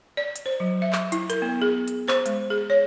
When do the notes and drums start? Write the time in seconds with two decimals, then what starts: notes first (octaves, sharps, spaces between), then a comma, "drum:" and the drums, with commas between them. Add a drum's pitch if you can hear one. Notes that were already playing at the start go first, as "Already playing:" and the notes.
0.17 D5
0.36 drum: hi-hat
0.46 C5
0.60 F#3
0.82 E5
0.93 drum: clap
1.12 E4, drum: hi-hat
1.30 A#4, drum: hi-hat
1.42 B3
1.62 G#4
1.88 drum: hi-hat
2.08 C5, drum: clap
2.26 G#3, drum: hi-hat
2.50 G#4
2.70 C#5